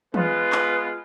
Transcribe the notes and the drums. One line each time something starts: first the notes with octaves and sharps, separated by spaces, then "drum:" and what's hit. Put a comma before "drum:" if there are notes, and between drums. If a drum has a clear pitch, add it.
G#3 B3 F4 B4, drum: tom E3
drum: clap